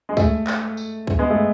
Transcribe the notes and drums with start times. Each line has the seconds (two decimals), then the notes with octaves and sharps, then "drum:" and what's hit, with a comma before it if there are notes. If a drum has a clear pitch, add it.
0.09 G#3
0.17 A3, drum: kick, tambourine
0.47 drum: clap
0.77 drum: tambourine
1.07 drum: kick
1.19 G#3 B3
1.30 A3